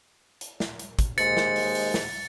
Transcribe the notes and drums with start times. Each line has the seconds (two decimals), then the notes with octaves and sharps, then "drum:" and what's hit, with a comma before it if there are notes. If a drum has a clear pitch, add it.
0.41 drum: hi-hat
0.60 drum: snare
0.79 drum: hi-hat
0.99 drum: kick, hi-hat
1.18 D#2 G#3 C5 A6 C#7, drum: hi-hat
1.37 drum: snare
1.56 drum: open hi-hat
1.75 drum: open hi-hat
1.94 drum: snare